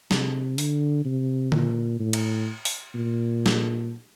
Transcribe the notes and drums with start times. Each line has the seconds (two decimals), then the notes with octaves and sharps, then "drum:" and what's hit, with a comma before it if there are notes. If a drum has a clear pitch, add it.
0.11 C3, drum: snare
0.58 D3, drum: open hi-hat
1.05 C3
1.52 A#2, drum: tom D3
2.00 A2
2.13 drum: cymbal
2.65 drum: open hi-hat
2.95 A#2
3.46 drum: snare